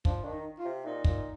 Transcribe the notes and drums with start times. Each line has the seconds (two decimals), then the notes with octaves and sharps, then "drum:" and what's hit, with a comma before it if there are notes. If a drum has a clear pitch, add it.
0.05 F3 D4, drum: kick
0.23 D#3 D4
0.32 D#4
0.59 F4
0.65 C3
0.85 A#2 D#4
1.04 A#2, drum: kick